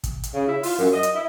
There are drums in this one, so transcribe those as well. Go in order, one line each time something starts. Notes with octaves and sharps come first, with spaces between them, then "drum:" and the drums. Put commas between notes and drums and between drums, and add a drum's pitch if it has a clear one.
drum: kick, hi-hat
drum: hi-hat
C#3
E4
F4, drum: open hi-hat
F#2
D#5
drum: hi-hat
E4